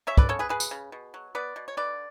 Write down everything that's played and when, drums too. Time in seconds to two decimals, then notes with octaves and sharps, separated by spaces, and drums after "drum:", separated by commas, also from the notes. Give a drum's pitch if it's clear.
0.07 C#3 C#5 E5
0.17 B4 D5, drum: kick
0.29 C#3 A4 C#5
0.39 G#4 B4
0.49 C#3 G#4 B4
0.60 drum: tambourine
0.71 C#3
0.92 B2
1.14 F#3
1.35 B3 B4 D5
1.56 B2
1.68 C#5
1.77 D3 B4 D5